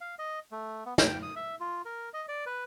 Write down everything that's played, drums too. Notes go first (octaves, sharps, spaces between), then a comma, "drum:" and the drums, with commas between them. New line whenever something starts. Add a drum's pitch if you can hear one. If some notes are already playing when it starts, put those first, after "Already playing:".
F5
D#5
A3
B3
G5, drum: snare
D#6
E5
F4
A#4
D#5
D5
B4